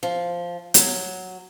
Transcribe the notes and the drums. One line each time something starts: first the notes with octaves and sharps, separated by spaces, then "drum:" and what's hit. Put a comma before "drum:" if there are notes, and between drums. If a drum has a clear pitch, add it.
F3
F#3, drum: hi-hat